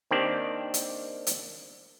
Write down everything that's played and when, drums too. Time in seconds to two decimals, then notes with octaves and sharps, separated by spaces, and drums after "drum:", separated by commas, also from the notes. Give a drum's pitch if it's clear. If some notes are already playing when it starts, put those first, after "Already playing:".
0.11 D#3 A#3 C4 D4 G4 D5
0.74 drum: hi-hat
1.27 drum: hi-hat